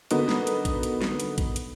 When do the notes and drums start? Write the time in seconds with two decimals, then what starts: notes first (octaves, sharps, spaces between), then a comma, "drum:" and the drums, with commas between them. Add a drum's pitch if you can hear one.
0.11 D3 B3 D#4 F#4 A#4, drum: hi-hat
0.29 drum: snare
0.47 drum: hi-hat
0.65 drum: kick, hi-hat
0.83 drum: hi-hat
1.01 drum: snare
1.20 drum: hi-hat
1.38 drum: kick, hi-hat
1.56 drum: hi-hat